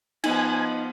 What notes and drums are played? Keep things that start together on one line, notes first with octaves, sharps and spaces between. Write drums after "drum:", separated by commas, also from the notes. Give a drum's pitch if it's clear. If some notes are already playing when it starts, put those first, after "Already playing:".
F3 B3 D#4 G#5, drum: cymbal